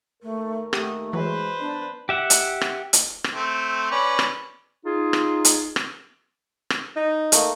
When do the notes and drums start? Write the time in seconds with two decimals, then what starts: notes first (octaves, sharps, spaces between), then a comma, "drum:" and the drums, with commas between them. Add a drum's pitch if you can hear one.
0.23 D#2 A3 A#4
0.73 A3 G4 F#5 D#6, drum: rim click
1.13 E3 F#3 G#3 B4 C5
1.60 B3 D4 D5
2.09 G4 E5 F#5
2.30 drum: hi-hat
2.61 drum: rim click
2.93 drum: hi-hat
3.24 drum: rim click
3.34 A3 C4
3.91 C#4 B4 D5
4.19 drum: rim click
4.85 D#4 F4 G#4
5.13 drum: rim click
5.45 drum: hi-hat
5.76 drum: rim click
6.70 drum: rim click
6.96 D#4
7.32 A3 A#3, drum: hi-hat